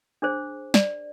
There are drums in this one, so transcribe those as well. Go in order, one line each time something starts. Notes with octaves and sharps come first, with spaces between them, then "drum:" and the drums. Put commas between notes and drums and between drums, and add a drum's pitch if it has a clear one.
D4 G#4 C5
D5, drum: snare